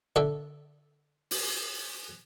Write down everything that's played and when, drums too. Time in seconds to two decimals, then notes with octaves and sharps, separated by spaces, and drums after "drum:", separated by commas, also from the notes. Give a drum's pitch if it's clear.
0.16 D3 D4 A4 E5
1.31 drum: open hi-hat